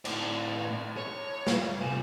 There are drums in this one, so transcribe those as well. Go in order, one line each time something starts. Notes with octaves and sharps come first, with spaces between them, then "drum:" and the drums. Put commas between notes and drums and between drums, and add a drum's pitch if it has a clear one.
A2 D5, drum: cymbal
C#5
drum: snare
C3 G#5